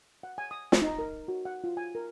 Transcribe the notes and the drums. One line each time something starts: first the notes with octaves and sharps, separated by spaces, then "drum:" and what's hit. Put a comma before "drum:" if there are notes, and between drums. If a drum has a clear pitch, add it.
F#5
G#5
D#6
drum: snare
D#4
A#4
F#4
F#5
F4
G#5
A#4